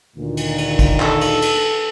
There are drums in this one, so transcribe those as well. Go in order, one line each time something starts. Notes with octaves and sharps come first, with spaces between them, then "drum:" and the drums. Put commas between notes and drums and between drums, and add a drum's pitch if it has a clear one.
D2 A#2 D#3
drum: cymbal
drum: cymbal
drum: kick, cymbal
A4, drum: clap
drum: cymbal
drum: cymbal